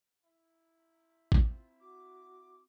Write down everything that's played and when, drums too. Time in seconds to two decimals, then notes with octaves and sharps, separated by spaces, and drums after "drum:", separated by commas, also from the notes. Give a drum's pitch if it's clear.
0.24 E4
1.32 C4 F4, drum: kick
1.80 F#4 D6